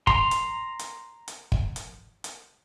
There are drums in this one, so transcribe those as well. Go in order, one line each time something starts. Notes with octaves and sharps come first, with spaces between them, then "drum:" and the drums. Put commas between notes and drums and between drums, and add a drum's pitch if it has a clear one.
A#5 C6, drum: kick
drum: hi-hat
drum: hi-hat
drum: hi-hat
drum: kick
drum: hi-hat
drum: hi-hat